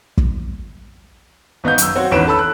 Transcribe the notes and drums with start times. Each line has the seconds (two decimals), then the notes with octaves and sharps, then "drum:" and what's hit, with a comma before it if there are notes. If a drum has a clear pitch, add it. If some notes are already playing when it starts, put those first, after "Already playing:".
0.17 drum: kick
1.64 G#1 B3 D#5 F5 G6
1.78 F#2 E6, drum: hi-hat
1.96 C4 F#4 C#5
2.11 G#1 E2 C#4 B4 D7 E7
2.27 A4 A5 B5 E6
2.39 F#6